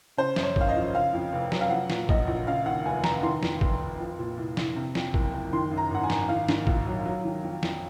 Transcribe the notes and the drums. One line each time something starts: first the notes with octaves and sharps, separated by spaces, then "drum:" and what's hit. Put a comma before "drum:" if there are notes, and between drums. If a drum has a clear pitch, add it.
C#3 C5
F#2, drum: snare
C#5
G#1 F5, drum: kick G#1
D#5
F3
C#3 F5
F2
F1
F#3, drum: snare
F5
F3 F#5
A#2, drum: snare
A#1 D#5, drum: kick G#1
A#1
C#3 F5
D#2 F#5
F1 G#5
F1 A#5, drum: snare
D#3 C6
F2, drum: snare
F1, drum: kick G#1
F1
F3
A#2
C2
C2, drum: snare
C3
F2, drum: snare
F#1, drum: kick G#1
F#1
D#3 C6
F#2
A#5
G#1 F#5
G#5
G#1, drum: snare
D#3 F5
G#2, drum: snare
A#1, drum: kick G#1
F#3
F#3
D#3
F2
F2, drum: snare